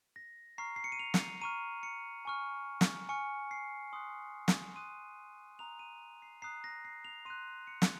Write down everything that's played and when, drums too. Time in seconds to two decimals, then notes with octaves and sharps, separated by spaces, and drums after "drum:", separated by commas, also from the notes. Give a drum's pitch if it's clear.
0.16 A#6
0.58 A#5 C#6 F6 C7
0.76 C7
0.84 C#7
0.92 D#7
0.99 F7
1.14 drum: snare
1.41 A#5 C#6 F6 D#7
1.83 C#7
2.25 G#5 C#6 F6
2.81 drum: snare
3.09 G#5 C#6 F6 C#7
3.51 C7
3.93 C6 D#6 F#6
4.48 drum: snare
4.75 C6 D#6 F#6 D#7
5.59 A#5 D#6 F#6 F7
5.79 D#7
6.22 C7
6.42 A#5 D#6 F#6 C7
6.64 A#6
6.85 C7
7.05 F7
7.25 C6 F#6 D#7
7.67 C#7
7.82 drum: snare